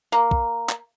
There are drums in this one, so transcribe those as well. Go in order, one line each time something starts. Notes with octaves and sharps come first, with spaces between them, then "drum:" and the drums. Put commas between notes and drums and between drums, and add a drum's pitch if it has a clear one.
A#3
drum: kick
drum: clap